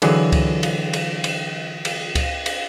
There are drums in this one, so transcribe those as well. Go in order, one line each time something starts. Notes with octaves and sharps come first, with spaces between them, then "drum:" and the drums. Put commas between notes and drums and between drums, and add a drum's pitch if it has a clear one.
D3 E3 F#3 G#4, drum: cymbal
drum: kick C#2, cymbal
drum: cymbal
drum: cymbal
drum: cymbal
drum: cymbal
drum: kick C#2, cymbal
drum: cymbal